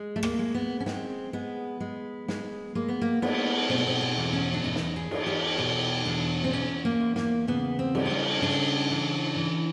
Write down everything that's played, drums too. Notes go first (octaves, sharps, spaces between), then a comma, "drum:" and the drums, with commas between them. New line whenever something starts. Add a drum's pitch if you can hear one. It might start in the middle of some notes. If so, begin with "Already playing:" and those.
Already playing: G#3
A3
A#3, drum: rim click
G#3
B3
C#4
G#3 C4, drum: snare
G#3 B3
G#3
G#3, drum: snare
G#3 A#3
B3
A#3
G#3 B3, drum: cymbal
B2 C4
B3
C4
C4
E2
C#4
D4
E2 D#4
drum: snare
G#4
E2, drum: cymbal
G4
B2 G4
E2 D4
C4
E2 C#4
A#3
E2
A#3, drum: snare
C#3 B3
C4
G3, drum: cymbal
C4
C#4
C#3 D4
E3
E3